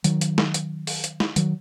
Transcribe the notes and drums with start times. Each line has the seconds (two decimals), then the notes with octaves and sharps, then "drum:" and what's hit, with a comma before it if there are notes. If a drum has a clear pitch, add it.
0.04 D#3 F#3, drum: hi-hat
0.21 drum: hi-hat
0.38 drum: snare
0.54 drum: hi-hat
0.87 drum: open hi-hat
1.04 drum: hi-hat
1.20 drum: snare
1.36 D#3 F#3, drum: hi-hat